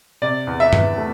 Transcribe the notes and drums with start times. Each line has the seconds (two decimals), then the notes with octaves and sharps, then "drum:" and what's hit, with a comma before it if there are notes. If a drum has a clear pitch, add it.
0.22 C3 D5
0.47 E2
0.60 E5
0.73 E3, drum: tom G2
0.98 A3